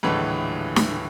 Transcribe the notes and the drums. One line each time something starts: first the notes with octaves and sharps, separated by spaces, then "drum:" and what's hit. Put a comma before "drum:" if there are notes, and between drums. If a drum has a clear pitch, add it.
D#1 A2 D3 E3 G#3 B5
drum: snare